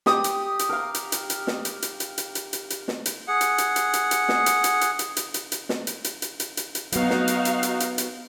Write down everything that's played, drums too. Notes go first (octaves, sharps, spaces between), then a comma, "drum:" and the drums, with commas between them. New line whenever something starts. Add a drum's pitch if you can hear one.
G4 D#6, drum: snare
drum: hi-hat
drum: hi-hat
A#4 F5
drum: hi-hat
drum: hi-hat
drum: hi-hat
drum: snare
drum: hi-hat
drum: hi-hat
drum: hi-hat
drum: hi-hat
drum: hi-hat
drum: hi-hat
drum: hi-hat
drum: snare
drum: hi-hat
G#4 F#5
drum: hi-hat
drum: hi-hat
drum: hi-hat
drum: hi-hat
drum: hi-hat
drum: snare
drum: hi-hat
drum: hi-hat
drum: hi-hat
drum: hi-hat
drum: hi-hat
drum: hi-hat
drum: hi-hat
drum: snare
drum: hi-hat
drum: hi-hat
drum: hi-hat
drum: hi-hat
drum: hi-hat
drum: hi-hat
F#3 B3 D#4 F#4 F5, drum: hi-hat
drum: snare
drum: hi-hat
drum: hi-hat
drum: hi-hat
drum: hi-hat
drum: hi-hat